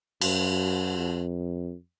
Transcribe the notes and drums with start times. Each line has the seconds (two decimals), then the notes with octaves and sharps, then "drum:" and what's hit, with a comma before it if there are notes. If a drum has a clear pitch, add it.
0.21 F#2, drum: cymbal
0.96 F2